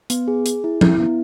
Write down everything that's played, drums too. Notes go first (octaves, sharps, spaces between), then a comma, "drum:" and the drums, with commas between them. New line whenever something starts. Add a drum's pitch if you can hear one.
B3, drum: hi-hat
G#4
G#4, drum: hi-hat
E4
E4, drum: tom F3
B3